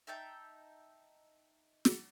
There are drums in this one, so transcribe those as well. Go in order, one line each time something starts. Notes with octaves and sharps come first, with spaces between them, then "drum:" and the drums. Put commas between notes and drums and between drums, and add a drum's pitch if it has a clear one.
D#4 E5 G5 A5
drum: snare